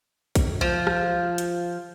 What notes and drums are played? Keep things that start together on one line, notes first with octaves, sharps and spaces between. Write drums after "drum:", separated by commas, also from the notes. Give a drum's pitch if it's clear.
drum: kick A#1, hi-hat
F3
drum: rim click
drum: hi-hat